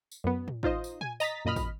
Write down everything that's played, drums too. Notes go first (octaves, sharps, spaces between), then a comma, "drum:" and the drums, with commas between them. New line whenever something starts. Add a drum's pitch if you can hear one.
drum: tambourine
F#2 B3
drum: tom A2
D#4 F4 C5 D#5, drum: kick
drum: tambourine
G#5, drum: tom A#2
D#5 A#5 A6 B6, drum: tambourine
F#2 A#2 D#5 B5 F6
drum: kick, tambourine